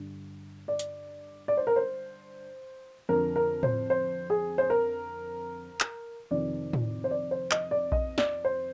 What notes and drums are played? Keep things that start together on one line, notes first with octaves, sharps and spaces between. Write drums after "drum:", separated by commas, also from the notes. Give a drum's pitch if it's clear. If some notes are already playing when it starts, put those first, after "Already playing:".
Already playing: G2 D3
D5
drum: hi-hat
D5
C5
A#4
C5
F2 D3 A#4
A#4
C5, drum: tom A2
C5
G#4
C5
A#4
drum: clap
F2 C3 D#3 D5
drum: tom A2
C5
D5
C5
D#5, drum: clap
D5
D#5, drum: kick A#1
D5, drum: snare
C5